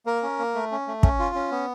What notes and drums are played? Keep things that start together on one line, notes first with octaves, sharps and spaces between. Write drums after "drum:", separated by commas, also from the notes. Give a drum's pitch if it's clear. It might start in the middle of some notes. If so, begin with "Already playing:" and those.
A#3 A#4
C#4
A#3
A3
C#4
A3
C#4, drum: kick
F4
C#4
B3